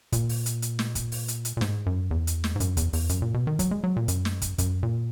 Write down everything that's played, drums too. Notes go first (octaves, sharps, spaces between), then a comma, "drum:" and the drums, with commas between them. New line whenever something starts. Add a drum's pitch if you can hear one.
A#2, drum: kick, hi-hat
drum: open hi-hat
drum: hi-hat
drum: hi-hat
drum: snare
drum: kick, hi-hat
drum: open hi-hat
drum: hi-hat
drum: hi-hat
A#2
G#2, drum: snare
F#2
E2
drum: hi-hat
drum: snare
G#2
F#2, drum: hi-hat
E2, drum: kick, hi-hat
E2, drum: open hi-hat
F#2, drum: hi-hat
A#2
B2
D#3
F#3, drum: kick, hi-hat
G#3
F#3
A#2
F#2, drum: hi-hat
drum: snare
drum: kick, hi-hat
F#2, drum: kick, hi-hat
A#2